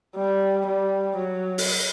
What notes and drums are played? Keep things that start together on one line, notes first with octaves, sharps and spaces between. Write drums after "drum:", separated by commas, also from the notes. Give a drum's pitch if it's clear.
G3
G3
F#3
drum: open hi-hat